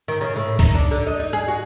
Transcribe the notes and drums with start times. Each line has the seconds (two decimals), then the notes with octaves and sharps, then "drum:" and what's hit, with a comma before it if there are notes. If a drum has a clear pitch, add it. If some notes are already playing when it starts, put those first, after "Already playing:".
0.08 D#3
0.21 C#3
0.36 A2
0.59 D#4, drum: kick C2, open hi-hat
0.75 D4
0.91 D3
1.07 D#5
1.20 D#4
1.33 G#4
1.48 F#4